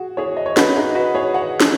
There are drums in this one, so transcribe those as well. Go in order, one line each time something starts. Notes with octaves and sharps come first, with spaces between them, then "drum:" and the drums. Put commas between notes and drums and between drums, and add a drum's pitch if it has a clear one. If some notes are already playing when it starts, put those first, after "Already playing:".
Already playing: F#4 G#4
G#4 C#5
D#5
C#5
F#4 B4, drum: snare
D#4 G#4
F#4 B4
G#4 C#5
C#5 F#5
drum: snare